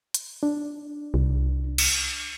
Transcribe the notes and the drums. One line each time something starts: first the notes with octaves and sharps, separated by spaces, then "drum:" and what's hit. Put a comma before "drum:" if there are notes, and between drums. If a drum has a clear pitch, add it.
drum: hi-hat
D4
C2
drum: cymbal